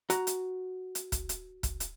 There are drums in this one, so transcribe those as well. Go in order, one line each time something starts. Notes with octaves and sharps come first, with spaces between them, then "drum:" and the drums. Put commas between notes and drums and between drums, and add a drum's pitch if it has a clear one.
F#4 A#5, drum: hi-hat
drum: hi-hat
drum: hi-hat
drum: kick, hi-hat
drum: hi-hat
drum: kick, hi-hat
drum: hi-hat